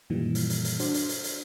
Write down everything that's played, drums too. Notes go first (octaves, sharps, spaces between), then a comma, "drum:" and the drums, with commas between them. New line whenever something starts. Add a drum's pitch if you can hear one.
F#2 A#2 D#3 E3 G3
drum: hi-hat
drum: hi-hat
drum: hi-hat
D4 F#4 C5 D5, drum: hi-hat
drum: hi-hat
drum: hi-hat
drum: hi-hat